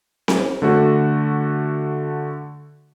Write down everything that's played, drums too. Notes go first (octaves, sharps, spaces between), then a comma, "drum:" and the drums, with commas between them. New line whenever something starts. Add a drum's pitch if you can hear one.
drum: snare C4
D3 A3 F#4